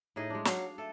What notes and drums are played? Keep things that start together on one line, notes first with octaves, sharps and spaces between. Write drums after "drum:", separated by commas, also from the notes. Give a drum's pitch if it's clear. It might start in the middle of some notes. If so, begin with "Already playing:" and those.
A2 D#4 G#4 D#5
G#3 D4
F#3 F5, drum: snare
F5
A3 A4